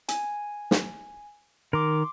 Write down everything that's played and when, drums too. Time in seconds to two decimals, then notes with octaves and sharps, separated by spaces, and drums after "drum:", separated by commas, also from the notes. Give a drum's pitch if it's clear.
0.09 G#5, drum: hi-hat
0.71 drum: snare
1.73 D#3 A#4 C6 D6